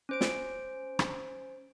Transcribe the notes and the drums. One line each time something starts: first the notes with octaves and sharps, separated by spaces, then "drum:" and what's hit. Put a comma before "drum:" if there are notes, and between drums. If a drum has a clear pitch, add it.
C#4 C5 D7
drum: snare
drum: rim click